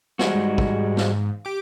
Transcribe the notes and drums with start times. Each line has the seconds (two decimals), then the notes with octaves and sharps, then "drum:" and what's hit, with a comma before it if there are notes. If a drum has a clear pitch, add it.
0.19 G3 G#3 F#4, drum: snare
0.35 G#2
0.58 drum: kick
0.97 drum: snare
1.45 G4 D6